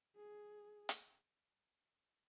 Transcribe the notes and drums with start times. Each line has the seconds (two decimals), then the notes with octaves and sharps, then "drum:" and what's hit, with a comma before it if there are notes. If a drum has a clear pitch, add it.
0.16 G#4
0.89 drum: hi-hat